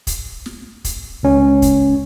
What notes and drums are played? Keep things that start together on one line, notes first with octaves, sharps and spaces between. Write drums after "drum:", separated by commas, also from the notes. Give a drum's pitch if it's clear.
drum: kick, hi-hat
drum: snare
drum: kick, hi-hat
C#2 C#4
drum: kick, hi-hat